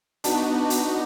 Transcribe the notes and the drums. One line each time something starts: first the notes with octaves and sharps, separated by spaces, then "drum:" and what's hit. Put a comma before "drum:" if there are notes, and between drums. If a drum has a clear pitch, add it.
B3 D4 D#4 F#4, drum: hi-hat
drum: hi-hat